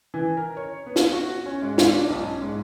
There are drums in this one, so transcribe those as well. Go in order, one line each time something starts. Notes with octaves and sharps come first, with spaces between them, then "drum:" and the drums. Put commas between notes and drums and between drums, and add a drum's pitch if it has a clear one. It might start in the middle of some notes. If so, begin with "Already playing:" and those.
E3
A#4
C#5
B3
drum: snare
F#4
C#4
G#2
drum: snare
D4
B1
C#4
G#2